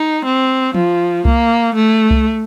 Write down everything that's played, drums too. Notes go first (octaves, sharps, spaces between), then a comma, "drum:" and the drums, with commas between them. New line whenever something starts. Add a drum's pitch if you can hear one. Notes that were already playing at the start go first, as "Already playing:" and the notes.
Already playing: D#4
C4
F3, drum: tom F3
A#3, drum: kick C2
A3
drum: kick C2